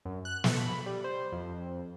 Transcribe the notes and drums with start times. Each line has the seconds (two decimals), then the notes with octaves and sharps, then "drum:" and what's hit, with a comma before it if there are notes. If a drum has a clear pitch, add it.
0.05 F#2
0.25 F#6
0.44 A4, drum: snare
0.60 B5
0.86 G3
1.04 C5
1.32 F2